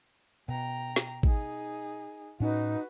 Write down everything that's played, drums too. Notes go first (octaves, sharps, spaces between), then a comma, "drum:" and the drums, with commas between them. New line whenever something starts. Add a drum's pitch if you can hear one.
B2 G5 A#5
drum: snare
D#4 G#4, drum: kick
A2 C#4 D#4 F#4 B4